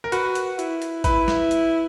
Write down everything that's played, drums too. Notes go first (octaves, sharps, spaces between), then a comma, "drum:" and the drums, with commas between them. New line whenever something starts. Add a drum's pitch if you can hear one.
A#4
F#4 B4, drum: hi-hat
drum: hi-hat
E4, drum: hi-hat
drum: hi-hat
E4 B4, drum: kick, hi-hat
drum: snare
drum: hi-hat